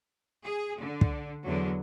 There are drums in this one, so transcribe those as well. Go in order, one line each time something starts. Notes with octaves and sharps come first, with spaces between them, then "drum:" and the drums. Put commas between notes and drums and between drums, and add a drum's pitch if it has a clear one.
G#4
D3
drum: kick
E2 D3 F#3